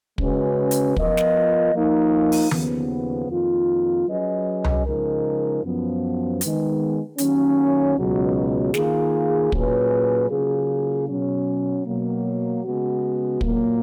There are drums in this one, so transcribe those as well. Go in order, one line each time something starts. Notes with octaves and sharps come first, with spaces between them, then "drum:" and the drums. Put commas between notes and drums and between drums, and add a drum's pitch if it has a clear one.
C#3 G#3 C#4 F#4 B4, drum: kick
drum: hi-hat
F3 B3 F4 A#4 D#5, drum: kick
drum: snare
F3 A#3 D#4
drum: open hi-hat
D#2 C#3 F3 B3, drum: tom D#3
F2 D#3 A#3 F4
F#3 C#4 G#4 B4 D#5
drum: tom C2
C#3 F3 G#3 D#4 A#4
F#2 F3 B3
D#3 G#3 B3, drum: hi-hat
D#3 F#3 A#3 C#4, drum: hi-hat
C#2 B2 F#3
D#3 A#3 F4 G#4, drum: snare
A#2 F#3 C#4 G#4 B4, drum: kick
C#3 F#3 A#3 F4 G#4
B2 F#3 C#4
B2 F#3 A#3
C#3 G#3 B3 F#4
A#2 F#3 A#3, drum: kick